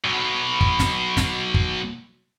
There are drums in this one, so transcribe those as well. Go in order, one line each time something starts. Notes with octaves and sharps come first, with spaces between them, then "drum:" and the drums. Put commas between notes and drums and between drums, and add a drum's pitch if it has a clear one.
B1 B2
drum: kick
drum: snare
drum: snare
drum: kick